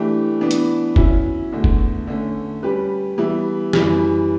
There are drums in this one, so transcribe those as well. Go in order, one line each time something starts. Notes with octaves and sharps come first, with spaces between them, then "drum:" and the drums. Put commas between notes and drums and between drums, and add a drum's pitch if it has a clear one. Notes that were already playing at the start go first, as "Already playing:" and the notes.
Already playing: E3 A3 D4 G4
E3 B3 D4
drum: hi-hat
F#3 C#4 E4, drum: kick
E2 D3 A3
drum: kick
D3 A3 C#4
G3 C#4 G4 B4
E3 G3 B3 E4
F#2 E3 G3, drum: snare